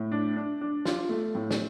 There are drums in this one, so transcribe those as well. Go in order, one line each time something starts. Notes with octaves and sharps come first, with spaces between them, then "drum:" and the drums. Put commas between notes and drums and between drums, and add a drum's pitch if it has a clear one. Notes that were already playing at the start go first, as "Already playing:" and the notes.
Already playing: A2
D4
D4
D4
F4, drum: snare
A3
A2
drum: snare